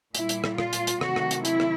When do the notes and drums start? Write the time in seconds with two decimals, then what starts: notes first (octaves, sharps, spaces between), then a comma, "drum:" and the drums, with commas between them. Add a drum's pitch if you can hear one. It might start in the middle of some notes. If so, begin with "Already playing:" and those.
0.15 A#2 G3 E4, drum: hi-hat
0.29 drum: hi-hat
0.44 drum: rim click
0.58 F4, drum: rim click
0.73 drum: hi-hat
0.87 drum: hi-hat
1.01 C3 D#3 F#3 A3 F#4, drum: rim click
1.16 drum: rim click
1.31 drum: hi-hat
1.45 E4, drum: hi-hat
1.60 drum: rim click